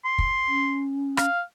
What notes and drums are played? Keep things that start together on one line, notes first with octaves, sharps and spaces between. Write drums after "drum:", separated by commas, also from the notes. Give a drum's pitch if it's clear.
C6
drum: kick
C#4
F5, drum: rim click